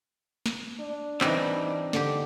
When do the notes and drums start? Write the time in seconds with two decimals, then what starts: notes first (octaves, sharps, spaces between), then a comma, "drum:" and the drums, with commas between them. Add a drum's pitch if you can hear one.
0.46 drum: snare
0.80 D4
1.21 E3 G3 C4 D#4, drum: clap
1.93 D3 G4, drum: snare